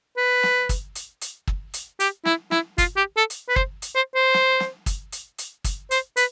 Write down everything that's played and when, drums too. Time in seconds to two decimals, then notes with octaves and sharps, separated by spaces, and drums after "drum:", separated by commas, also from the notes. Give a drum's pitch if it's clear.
0.17 B4
0.43 drum: snare
0.69 drum: kick, hi-hat
0.95 drum: hi-hat
1.21 drum: hi-hat
1.47 drum: kick
1.74 drum: hi-hat
2.00 G4, drum: hi-hat
2.25 E4, drum: snare
2.51 E4, drum: snare
2.78 F4, drum: kick, hi-hat
2.97 G4
3.17 A4
3.30 drum: hi-hat
3.49 B4
3.56 C5, drum: kick
3.82 drum: hi-hat
3.95 C5
4.15 C5
4.34 drum: snare
4.60 drum: snare
4.86 drum: kick, hi-hat
5.12 drum: hi-hat
5.38 drum: hi-hat
5.64 drum: kick, hi-hat
5.91 C5, drum: hi-hat
6.17 B4, drum: hi-hat